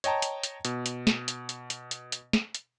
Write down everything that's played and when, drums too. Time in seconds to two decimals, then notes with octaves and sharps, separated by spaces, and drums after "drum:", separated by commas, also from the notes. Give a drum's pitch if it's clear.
0.04 C#5 D#5 G5 A5 A#5, drum: hi-hat
0.22 drum: hi-hat
0.43 drum: hi-hat
0.65 B2, drum: hi-hat
0.86 drum: hi-hat
1.07 drum: snare
1.28 drum: hi-hat
1.49 drum: hi-hat
1.70 drum: hi-hat
1.91 drum: hi-hat
2.12 drum: hi-hat
2.33 drum: snare
2.55 drum: hi-hat